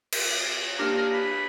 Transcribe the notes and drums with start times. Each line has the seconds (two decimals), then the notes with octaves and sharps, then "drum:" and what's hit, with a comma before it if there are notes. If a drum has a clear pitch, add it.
0.12 drum: cymbal
0.79 A#3 D4 G4 A#4
0.97 A#4
1.13 B4